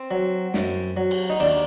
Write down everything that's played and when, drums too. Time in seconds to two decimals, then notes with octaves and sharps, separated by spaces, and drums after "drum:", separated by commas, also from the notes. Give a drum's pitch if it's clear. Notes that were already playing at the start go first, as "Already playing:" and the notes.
Already playing: C4
0.11 F#3
0.54 F#2, drum: snare
0.97 F#3
1.11 drum: cymbal
1.30 D#4
1.40 D#2 D4, drum: cymbal